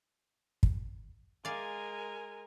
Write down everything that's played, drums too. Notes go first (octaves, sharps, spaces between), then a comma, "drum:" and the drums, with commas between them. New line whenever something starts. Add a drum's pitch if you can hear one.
drum: kick
G#3 A#4 D5 F5 G#5